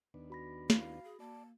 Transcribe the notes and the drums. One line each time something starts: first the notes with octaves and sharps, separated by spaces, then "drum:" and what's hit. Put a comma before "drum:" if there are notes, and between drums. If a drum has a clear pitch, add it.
D#2 B3 D4
F#4 B5 A#6
E4 F5, drum: snare
G#4
A#3 D5 A5